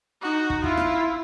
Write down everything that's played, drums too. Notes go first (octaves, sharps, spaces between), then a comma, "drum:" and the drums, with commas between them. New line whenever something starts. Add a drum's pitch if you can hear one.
D#4 F#4
drum: kick
E4 F4, drum: kick
drum: rim click